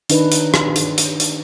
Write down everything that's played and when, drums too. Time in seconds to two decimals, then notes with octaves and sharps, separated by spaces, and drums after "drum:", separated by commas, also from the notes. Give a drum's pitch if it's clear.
0.10 D#3 D4 D#4 B4, drum: hi-hat
0.32 drum: hi-hat
0.54 drum: rim click
0.76 drum: hi-hat
0.98 drum: hi-hat
1.20 drum: hi-hat